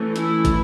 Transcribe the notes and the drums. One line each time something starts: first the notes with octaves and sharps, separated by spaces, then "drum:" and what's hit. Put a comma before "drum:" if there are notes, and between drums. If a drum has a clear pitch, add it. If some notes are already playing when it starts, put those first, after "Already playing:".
Already playing: E3 A3 C#4
E4, drum: hi-hat
drum: kick, hi-hat